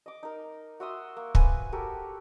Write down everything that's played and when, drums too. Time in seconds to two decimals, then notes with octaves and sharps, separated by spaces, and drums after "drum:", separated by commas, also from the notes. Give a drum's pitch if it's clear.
0.06 D#5 D6
0.23 D#4 A#4
0.80 F#4 E5 C6 D#6
1.17 A#3
1.35 B4 C5 G#5, drum: kick
1.72 F#4 G4 A4 A#4